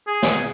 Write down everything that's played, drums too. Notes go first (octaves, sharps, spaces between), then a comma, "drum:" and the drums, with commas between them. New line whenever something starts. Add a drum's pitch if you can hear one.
G#4
drum: snare